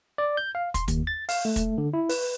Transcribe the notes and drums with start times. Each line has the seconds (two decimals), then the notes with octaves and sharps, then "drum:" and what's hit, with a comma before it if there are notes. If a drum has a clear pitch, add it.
0.18 D5
0.37 G6
0.55 F5
0.74 C6, drum: kick, hi-hat
0.88 D#2, drum: kick, hi-hat
1.07 A6
1.29 F5, drum: open hi-hat
1.45 A3
1.56 drum: kick, hi-hat
1.78 D3
1.93 E4
2.09 B4, drum: open hi-hat